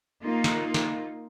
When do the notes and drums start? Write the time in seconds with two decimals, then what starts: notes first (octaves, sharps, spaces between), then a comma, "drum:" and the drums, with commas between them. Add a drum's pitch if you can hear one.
0.25 A#3 D#4 F4
0.44 drum: snare
0.74 drum: snare